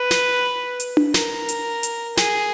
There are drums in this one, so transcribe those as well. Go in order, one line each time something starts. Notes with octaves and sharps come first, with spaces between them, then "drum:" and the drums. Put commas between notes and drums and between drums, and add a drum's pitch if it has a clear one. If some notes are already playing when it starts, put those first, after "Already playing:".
Already playing: B4
drum: snare
drum: hi-hat
drum: tom D4
A#4, drum: snare
drum: hi-hat
drum: hi-hat
G#4, drum: snare